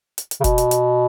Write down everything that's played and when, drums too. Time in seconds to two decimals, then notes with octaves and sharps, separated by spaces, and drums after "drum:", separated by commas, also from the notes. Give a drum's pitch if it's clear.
0.18 drum: hi-hat
0.31 drum: hi-hat
0.40 C#3
0.44 B2, drum: kick F1, hi-hat
0.58 drum: hi-hat
0.71 drum: hi-hat